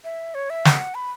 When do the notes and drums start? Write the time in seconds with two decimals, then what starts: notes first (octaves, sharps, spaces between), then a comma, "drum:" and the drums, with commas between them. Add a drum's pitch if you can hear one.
0.04 E5
0.35 C#5
0.50 E5
0.65 F#5, drum: snare
0.95 B5